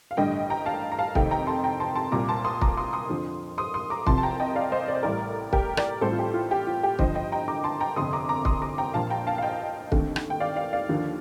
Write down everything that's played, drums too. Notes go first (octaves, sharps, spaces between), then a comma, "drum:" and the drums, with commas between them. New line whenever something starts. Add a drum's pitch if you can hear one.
F5
A1 G2 D3 G3 D#5 G5
G5 A#5
F5 A5
A#5
F5 A5
F2 C3 D#3 A3 C4 D#5 G5, drum: kick
G5 A#5
A5 C6
G5 A#5
A5 C6
A5 C6
C2 A#2 G3 C4 A#5 D6
A5 C6
C6 D#6
A#5 D6, drum: kick
C6 D#6
C6 D#6
F2 D3 F3
C6 D#6
C6 D#6
A#5 D6
C2 C3 F3 A5 C6, drum: kick
A5
G5 A#5
D#5 G5
D5 F5
C5 D#5
D5
C5
A1 A2 G3 A#4 D5
G4 A#4, drum: kick
A#4 D5, drum: rim click
A1 A2 G3 C4 A4 C5
F4
G4
F4
G4
F4
G4
G1 G2 D3 F3 C5 D#5, drum: kick
D#5 G5
G5 A#5
A#5 D6
A5 C6
G5 A#5
G1 F2 C3 C6 D#6
A#5 D6
A#5 D6
C6 D#6, drum: kick
A#5 D6
G5 A#5
A#1 A#2 F3 F5 A5
G5 A#5
F5 A5
F5
D#5 G5
D#2 D3 A3 C4, drum: kick
drum: rim click
G5
D5 F5
D5 F5
D5 F5
D#2 D3 F3 A#3